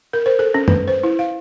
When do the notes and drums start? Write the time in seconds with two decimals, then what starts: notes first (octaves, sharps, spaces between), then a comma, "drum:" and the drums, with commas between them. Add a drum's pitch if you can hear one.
0.13 A#4
0.26 C5
0.39 A4
0.54 C#4
0.68 B4, drum: tom
0.88 C5
1.04 E4
1.19 F5